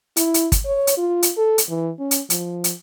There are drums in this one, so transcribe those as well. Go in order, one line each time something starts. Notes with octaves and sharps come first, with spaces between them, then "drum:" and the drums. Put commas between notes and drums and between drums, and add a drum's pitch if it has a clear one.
E4, drum: hi-hat
drum: hi-hat
drum: kick, hi-hat
C#5
drum: hi-hat
F4
drum: hi-hat
A4
drum: hi-hat
E3
C#4
drum: hi-hat
F3, drum: hi-hat
drum: hi-hat